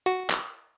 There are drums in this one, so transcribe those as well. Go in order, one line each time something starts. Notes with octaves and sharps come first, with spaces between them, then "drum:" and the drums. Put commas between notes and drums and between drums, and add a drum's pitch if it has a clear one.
F#4
drum: clap